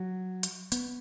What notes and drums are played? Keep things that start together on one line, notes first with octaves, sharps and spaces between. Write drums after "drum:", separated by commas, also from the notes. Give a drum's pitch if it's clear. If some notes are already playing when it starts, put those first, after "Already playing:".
Already playing: F#3
drum: hi-hat
B3, drum: hi-hat